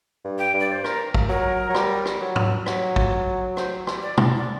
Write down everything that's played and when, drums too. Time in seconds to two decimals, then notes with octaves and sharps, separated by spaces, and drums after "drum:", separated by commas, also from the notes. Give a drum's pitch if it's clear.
0.24 G2
0.39 G5
0.53 G2
0.60 D5
0.72 C5
0.84 A#4, drum: rim click
1.14 drum: kick
1.29 F#3 A#4
1.69 F#3
1.74 G3, drum: rim click
2.05 drum: rim click
2.21 F#3
2.36 drum: tom
2.66 F#3, drum: rim click
2.96 drum: kick
3.57 C5, drum: rim click
3.87 drum: rim click
4.02 D5
4.17 drum: tom
4.36 D5